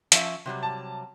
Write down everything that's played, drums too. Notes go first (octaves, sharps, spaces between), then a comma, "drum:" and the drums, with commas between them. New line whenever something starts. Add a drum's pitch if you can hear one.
F3 C#4 E5, drum: hi-hat
C3 F#3 G3
A5